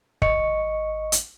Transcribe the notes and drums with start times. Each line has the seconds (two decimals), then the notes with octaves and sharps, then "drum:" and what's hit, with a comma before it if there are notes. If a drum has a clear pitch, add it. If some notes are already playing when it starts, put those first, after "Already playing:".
0.22 G#1 D#5 C#6 C#7, drum: kick
1.12 drum: hi-hat